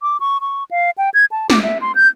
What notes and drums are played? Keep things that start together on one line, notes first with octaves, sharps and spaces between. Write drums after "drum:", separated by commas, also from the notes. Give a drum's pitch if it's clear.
D6
C#6
C#6
F5
G5
G#6
A5
D6, drum: snare
E5
C6
G6